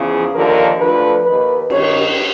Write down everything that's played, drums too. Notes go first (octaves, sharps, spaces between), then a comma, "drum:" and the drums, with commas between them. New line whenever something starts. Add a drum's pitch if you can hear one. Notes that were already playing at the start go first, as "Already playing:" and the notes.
Already playing: E2 C#3 F3
D#2 D3 F3 A#4
D2 D3 F3 B4
D#2 D#3 B4
G2 D#3 C#5, drum: cymbal